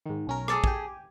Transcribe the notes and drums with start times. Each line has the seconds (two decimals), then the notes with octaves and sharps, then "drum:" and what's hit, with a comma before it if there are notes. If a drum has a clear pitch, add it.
0.06 G#2 D#3
0.27 B1 C#4 A#4
0.48 G#4 A4 D6, drum: rim click
0.64 G4 G#5, drum: kick